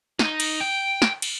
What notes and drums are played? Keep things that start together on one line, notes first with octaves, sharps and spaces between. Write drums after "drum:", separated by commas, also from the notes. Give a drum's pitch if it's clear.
D#4, drum: snare
drum: cymbal
G5
drum: snare
drum: cymbal